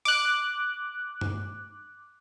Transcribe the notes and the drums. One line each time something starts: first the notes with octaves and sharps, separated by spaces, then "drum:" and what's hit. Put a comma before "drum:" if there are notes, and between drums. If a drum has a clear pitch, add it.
D6 F#6, drum: open hi-hat
drum: tom G2